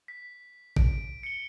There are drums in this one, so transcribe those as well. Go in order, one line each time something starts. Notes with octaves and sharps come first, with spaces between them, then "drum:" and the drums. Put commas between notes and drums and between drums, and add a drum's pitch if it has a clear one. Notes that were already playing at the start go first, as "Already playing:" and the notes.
B6
D7, drum: kick
C#7 G7